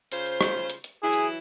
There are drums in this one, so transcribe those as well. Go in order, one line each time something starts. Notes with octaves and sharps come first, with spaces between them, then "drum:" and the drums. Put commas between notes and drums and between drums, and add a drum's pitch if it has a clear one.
C#3 F4 C5, drum: hi-hat
drum: hi-hat
drum: rim click
drum: hi-hat
drum: hi-hat
E3 F#3 E4 G#4
drum: hi-hat